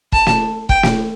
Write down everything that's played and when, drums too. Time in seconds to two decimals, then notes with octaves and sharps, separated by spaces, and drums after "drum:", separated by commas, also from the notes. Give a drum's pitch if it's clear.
0.12 A5, drum: kick
0.27 drum: snare
0.69 G5, drum: kick
0.83 drum: snare